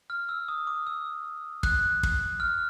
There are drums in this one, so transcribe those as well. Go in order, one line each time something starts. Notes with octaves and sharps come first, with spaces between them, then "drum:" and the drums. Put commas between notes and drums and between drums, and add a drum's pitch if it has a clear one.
F6
E6
D#6
D6
E6
F#6, drum: kick
drum: kick
F6